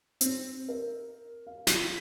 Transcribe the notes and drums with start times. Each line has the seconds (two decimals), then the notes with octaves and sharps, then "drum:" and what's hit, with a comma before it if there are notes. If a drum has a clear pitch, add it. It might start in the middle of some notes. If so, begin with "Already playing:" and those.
0.21 C4, drum: hi-hat
0.69 A#4
1.47 F5
1.67 B6, drum: snare